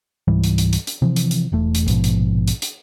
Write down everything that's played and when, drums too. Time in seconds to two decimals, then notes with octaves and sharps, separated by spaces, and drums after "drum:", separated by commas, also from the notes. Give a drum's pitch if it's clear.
0.28 C#2 G#2 E3 G3
0.44 drum: hi-hat
0.58 drum: hi-hat
0.73 drum: hi-hat
0.87 drum: hi-hat
1.02 C3 E3 F3
1.16 drum: hi-hat
1.31 drum: hi-hat
1.52 E1 E2 A3
1.75 drum: hi-hat
1.88 A#1 G#2 B2 F3, drum: hi-hat
2.04 drum: hi-hat
2.48 drum: hi-hat
2.62 drum: hi-hat